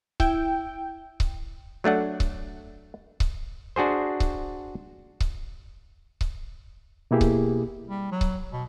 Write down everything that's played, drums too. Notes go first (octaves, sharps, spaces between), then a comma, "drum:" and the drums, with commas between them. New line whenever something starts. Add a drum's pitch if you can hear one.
E4 G5, drum: kick C#1
drum: kick C#1
F#3 A3 D4 F#5
drum: kick C#1
drum: kick C#1
D4 F#4 G#4 C5
drum: kick C#1
drum: kick C#1
drum: kick C#1
B2 A#3 E4 G4 G#4
drum: kick C#1
G3
F#3
drum: kick C#1
B2